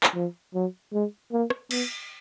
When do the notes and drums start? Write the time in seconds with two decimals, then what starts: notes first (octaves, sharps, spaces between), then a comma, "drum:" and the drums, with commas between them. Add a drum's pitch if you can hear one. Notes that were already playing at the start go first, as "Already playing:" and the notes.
0.03 drum: clap
0.14 F3
0.54 F#3
0.93 G#3
1.32 A#3
1.50 drum: rim click
1.71 B3, drum: cymbal